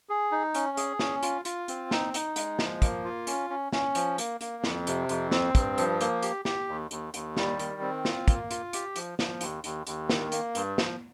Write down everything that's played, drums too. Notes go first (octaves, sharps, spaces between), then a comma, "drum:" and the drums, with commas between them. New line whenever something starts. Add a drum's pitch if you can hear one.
G#4
D#4
C#4, drum: hi-hat
G#4, drum: hi-hat
C#4, drum: snare
F4, drum: hi-hat
F4, drum: hi-hat
C4, drum: hi-hat
D#4, drum: snare
D#4, drum: hi-hat
G#3, drum: hi-hat
F3, drum: snare
A#3, drum: kick, hi-hat
F4
C#4, drum: hi-hat
C#4
C#4, drum: snare
F3, drum: hi-hat
A#3, drum: hi-hat
A#3, drum: hi-hat
F2, drum: snare
C3, drum: hi-hat
F2, drum: hi-hat
C4, drum: snare
G2, drum: kick, hi-hat
F3, drum: hi-hat
A#3, drum: hi-hat
G4, drum: hi-hat
G4, drum: snare
D#2
D#2, drum: hi-hat
D#2, drum: hi-hat
G3, drum: snare
D#3, drum: hi-hat
C4
F4, drum: snare
A#3, drum: kick, hi-hat
F4, drum: hi-hat
G4, drum: hi-hat
F3, drum: hi-hat
F3, drum: snare
D#2, drum: hi-hat
D#2, drum: hi-hat
D#2, drum: hi-hat
D#3, drum: snare
A#3, drum: hi-hat
G2, drum: hi-hat
F3, drum: snare